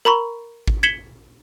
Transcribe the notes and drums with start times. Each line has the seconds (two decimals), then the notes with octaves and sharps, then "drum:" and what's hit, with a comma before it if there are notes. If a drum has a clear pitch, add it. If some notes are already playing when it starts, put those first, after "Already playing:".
0.05 A#4 A#5 B5 C#6
0.67 drum: kick G#1
0.83 G#6 B6 C#7 E7 F#7 G7